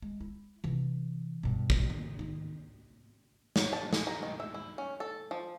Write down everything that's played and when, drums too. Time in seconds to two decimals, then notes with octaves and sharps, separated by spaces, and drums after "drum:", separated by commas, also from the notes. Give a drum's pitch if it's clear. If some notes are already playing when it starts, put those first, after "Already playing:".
0.02 G#3
0.21 E4
0.64 C3 E3
1.43 G2 B2
1.70 drum: kick
1.90 D#3
2.19 D#3 D#4
3.56 F#3, drum: snare
3.73 A5
3.93 G#4, drum: snare
4.07 A#5
4.23 D#3
4.40 E5
4.54 E4
4.78 C#4
5.00 A4
5.31 F3